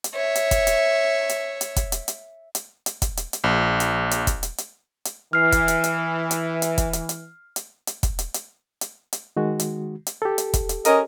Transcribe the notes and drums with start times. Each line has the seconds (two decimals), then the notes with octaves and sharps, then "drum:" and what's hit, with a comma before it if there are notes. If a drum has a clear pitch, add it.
0.04 drum: hi-hat
0.14 C#5 E5
0.35 drum: hi-hat
0.51 drum: kick, hi-hat
0.67 drum: hi-hat
1.29 drum: hi-hat
1.61 drum: hi-hat
1.76 drum: kick, hi-hat
1.92 drum: hi-hat
2.08 drum: hi-hat
2.55 drum: hi-hat
2.86 drum: hi-hat
3.02 drum: kick, hi-hat
3.17 drum: hi-hat
3.33 drum: hi-hat
3.44 A#1
3.80 drum: hi-hat
4.11 drum: hi-hat
4.27 drum: kick, hi-hat
4.43 drum: hi-hat
4.58 drum: hi-hat
5.05 drum: hi-hat
5.33 E3 F6 C7
5.52 drum: kick, hi-hat
5.68 drum: hi-hat
5.84 drum: hi-hat
6.31 drum: hi-hat
6.62 drum: hi-hat
6.78 drum: kick, hi-hat
6.93 drum: hi-hat
7.09 drum: hi-hat
7.56 drum: hi-hat
7.87 drum: hi-hat
8.03 drum: kick, hi-hat
8.19 drum: hi-hat
8.34 drum: hi-hat
8.81 drum: hi-hat
9.13 drum: hi-hat
9.36 D#3 G#3 F#4
9.60 drum: hi-hat
10.07 drum: hi-hat
10.22 G4 A4
10.38 drum: hi-hat
10.54 drum: kick, hi-hat
10.69 drum: hi-hat
10.85 C#4 A#4 D#5, drum: hi-hat